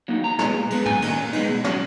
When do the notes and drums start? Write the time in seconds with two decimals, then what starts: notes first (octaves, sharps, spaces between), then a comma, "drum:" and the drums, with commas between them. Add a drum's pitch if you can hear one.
0.08 F#3 A#3 D#4
0.23 E2 A#5
0.39 B2 G#3 B3, drum: snare
0.54 A#2
0.70 G#3 B3, drum: cymbal
0.86 F#2 G#5, drum: tom
1.02 D#3 A#3 C#4, drum: cymbal
1.17 A#2
1.33 G#3 B3 D#4, drum: cymbal
1.49 B2
1.64 F#3 C#4, drum: snare